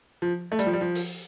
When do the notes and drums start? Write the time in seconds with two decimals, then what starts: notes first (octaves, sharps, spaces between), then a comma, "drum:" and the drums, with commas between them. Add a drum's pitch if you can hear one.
0.22 F3
0.52 A3
0.59 G3, drum: hi-hat
0.66 F3
0.73 G3
0.81 F3
0.95 drum: open hi-hat